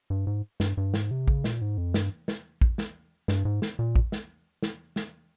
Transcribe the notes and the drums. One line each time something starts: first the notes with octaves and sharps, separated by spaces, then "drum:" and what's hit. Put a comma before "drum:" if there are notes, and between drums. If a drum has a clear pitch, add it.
G2
G#2
G2, drum: snare
G2
G#2, drum: snare
C3
C#3, drum: kick
A#2, drum: snare
G#2
F2
G2, drum: snare
drum: snare
drum: kick
drum: snare
G2, drum: snare
G#2
drum: snare
A#2
drum: kick
drum: snare
drum: snare
drum: snare